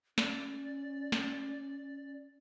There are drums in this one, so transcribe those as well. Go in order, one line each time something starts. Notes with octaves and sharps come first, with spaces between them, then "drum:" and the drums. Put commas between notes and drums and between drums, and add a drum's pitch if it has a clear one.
C#4 D5, drum: snare
drum: snare